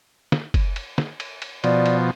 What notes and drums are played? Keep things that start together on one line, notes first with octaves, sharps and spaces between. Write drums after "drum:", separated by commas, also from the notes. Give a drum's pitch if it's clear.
drum: snare
drum: kick F#1, cymbal
drum: cymbal
drum: snare
drum: cymbal
drum: cymbal
B2 F3 D5, drum: cymbal
drum: cymbal